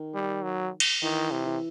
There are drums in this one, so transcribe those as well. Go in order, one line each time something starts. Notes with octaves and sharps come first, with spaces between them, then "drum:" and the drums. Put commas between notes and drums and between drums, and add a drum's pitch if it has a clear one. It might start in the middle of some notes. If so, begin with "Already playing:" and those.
Already playing: D#3
G3
F#3
drum: cymbal
D#3 E3
C3
E3